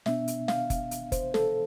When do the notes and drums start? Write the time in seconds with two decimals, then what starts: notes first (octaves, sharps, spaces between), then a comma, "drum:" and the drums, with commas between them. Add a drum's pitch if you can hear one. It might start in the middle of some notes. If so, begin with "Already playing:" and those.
0.06 B2 B3 D4 E5, drum: snare
0.28 drum: hi-hat
0.48 F5, drum: snare
0.70 drum: kick F#1, hi-hat
0.91 drum: hi-hat
1.12 C5, drum: kick F#1, hi-hat
1.34 A4, drum: snare